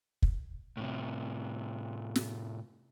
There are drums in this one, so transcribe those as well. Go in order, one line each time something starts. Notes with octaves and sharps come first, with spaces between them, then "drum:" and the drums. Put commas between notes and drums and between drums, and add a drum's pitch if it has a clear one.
drum: kick
A2 C3
drum: snare